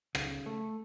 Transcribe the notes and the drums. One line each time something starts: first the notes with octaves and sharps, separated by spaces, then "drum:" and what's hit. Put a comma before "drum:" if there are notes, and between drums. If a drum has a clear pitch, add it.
C#3, drum: rim click
A3